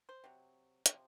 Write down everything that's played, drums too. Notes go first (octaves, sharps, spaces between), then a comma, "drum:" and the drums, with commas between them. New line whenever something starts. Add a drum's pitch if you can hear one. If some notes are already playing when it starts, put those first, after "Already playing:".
C5
C3 F#3
C3 F3, drum: hi-hat